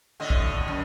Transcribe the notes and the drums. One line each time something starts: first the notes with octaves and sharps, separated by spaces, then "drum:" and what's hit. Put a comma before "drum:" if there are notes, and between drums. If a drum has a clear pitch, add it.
A2 D3 D#5
drum: kick
F#2